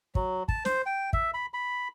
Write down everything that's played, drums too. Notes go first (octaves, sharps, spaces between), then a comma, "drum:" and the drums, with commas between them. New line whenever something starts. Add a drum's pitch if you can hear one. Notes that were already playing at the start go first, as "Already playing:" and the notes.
F#3, drum: kick
A5, drum: kick
C5, drum: snare
G5
E5, drum: kick
B5
B5